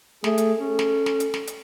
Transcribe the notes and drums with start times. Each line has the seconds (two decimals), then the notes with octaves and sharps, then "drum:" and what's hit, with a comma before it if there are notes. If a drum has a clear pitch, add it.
0.24 A3 G#4, drum: snare
0.38 drum: hi-hat
0.60 C#4 A4
0.79 drum: snare
1.06 drum: snare
1.20 drum: hi-hat
1.34 drum: snare
1.47 drum: hi-hat